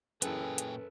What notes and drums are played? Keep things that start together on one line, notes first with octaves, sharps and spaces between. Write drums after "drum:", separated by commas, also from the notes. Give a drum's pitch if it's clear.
F#2 A#2 C#3 E3 G#4 A4 B4 G5, drum: hi-hat
drum: hi-hat